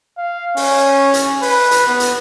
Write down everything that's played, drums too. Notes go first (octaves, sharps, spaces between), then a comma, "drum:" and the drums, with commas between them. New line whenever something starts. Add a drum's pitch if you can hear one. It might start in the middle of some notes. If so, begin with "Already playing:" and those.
F5
C#4, drum: open hi-hat
drum: hi-hat
B4, drum: open hi-hat
drum: hi-hat
B3
drum: hi-hat